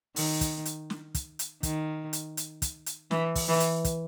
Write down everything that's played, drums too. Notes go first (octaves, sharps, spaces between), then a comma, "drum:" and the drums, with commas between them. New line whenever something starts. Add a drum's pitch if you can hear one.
D#3, drum: open hi-hat
drum: kick, hi-hat
drum: hi-hat
drum: snare
drum: kick, hi-hat
drum: hi-hat
D#3, drum: kick, hi-hat
drum: hi-hat
drum: hi-hat
drum: kick, hi-hat
drum: hi-hat
E3, drum: snare
drum: kick, open hi-hat
E3
drum: hi-hat
drum: kick, hi-hat